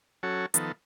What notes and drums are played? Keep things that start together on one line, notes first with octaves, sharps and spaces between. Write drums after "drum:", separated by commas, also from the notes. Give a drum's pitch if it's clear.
F#3 C#4 F#4 A4 C#5
D#3 F3 B3 A4, drum: hi-hat